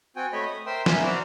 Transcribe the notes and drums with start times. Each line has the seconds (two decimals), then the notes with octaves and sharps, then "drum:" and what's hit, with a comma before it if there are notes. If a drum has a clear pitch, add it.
0.16 C4 F#4 G5 G#5
0.33 A3 C#5 D#5 B5
0.46 D#6
0.66 A#4 C5 E5 G5 C6
0.86 B3 E4 F4 A#4 E5 G#5, drum: snare
1.03 C4 D4 F#4 C5 D5 A#5